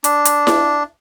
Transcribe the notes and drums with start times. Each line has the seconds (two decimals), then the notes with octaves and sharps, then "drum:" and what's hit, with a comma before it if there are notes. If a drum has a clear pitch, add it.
0.04 D4, drum: hi-hat
0.25 drum: hi-hat
0.47 drum: snare E4